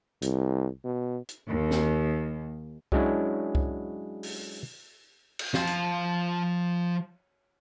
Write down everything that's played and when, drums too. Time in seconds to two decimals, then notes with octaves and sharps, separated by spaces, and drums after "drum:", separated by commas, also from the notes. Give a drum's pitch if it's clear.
0.22 C2, drum: hi-hat
0.85 B2
1.29 drum: hi-hat
1.50 D#2
1.71 drum: snare
2.92 F#3 G#3 C#4 D4 E4, drum: kick C2
3.55 drum: kick C2
4.23 drum: open hi-hat
5.39 drum: cymbal
5.54 F3 F5, drum: snare
5.67 drum: hi-hat